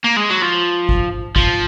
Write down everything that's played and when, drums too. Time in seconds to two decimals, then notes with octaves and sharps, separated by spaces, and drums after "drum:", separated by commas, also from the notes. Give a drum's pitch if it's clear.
0.04 A#3
0.17 G#3
0.30 F#3
0.41 F3
0.89 drum: kick G#1
1.36 F3, drum: kick G#1